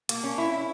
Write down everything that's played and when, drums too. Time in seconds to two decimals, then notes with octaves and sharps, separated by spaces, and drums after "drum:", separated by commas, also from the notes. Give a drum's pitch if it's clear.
0.09 A#3, drum: hi-hat
0.24 C#4
0.38 E4
0.53 E4